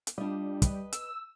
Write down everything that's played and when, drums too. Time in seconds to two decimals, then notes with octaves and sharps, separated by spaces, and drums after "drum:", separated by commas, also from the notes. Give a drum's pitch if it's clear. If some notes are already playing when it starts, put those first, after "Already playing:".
0.07 drum: hi-hat
0.18 G3 D4 F4 D#5
0.62 B4 D#5, drum: kick, hi-hat
0.93 E6, drum: hi-hat